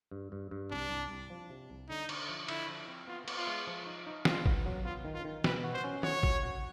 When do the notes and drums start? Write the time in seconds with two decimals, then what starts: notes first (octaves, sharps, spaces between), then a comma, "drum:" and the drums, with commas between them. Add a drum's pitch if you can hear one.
0.11 G2
0.32 G2
0.51 G2
0.71 C2 D4
0.91 C2
1.10 C2
1.30 F3
1.50 C3
1.70 C2
1.89 D3 D#4
2.09 D3, drum: cymbal
2.29 F3
2.48 D3 E4, drum: cymbal
2.68 F3
2.88 C4
3.08 B3 F4
3.28 B3, drum: cymbal
3.37 F4
3.47 G#3
3.67 F3
3.86 D#4
4.07 D#4
4.25 D4 F4, drum: snare
4.46 B3, drum: kick
4.66 F#3
4.85 B3 F4
5.05 D#3
5.14 F4
5.25 D#3
5.44 B2 B4, drum: snare
5.64 F#4
5.74 C5
5.84 C#4
6.03 F#4 C#5, drum: tom
6.23 F#4, drum: kick
6.43 F#4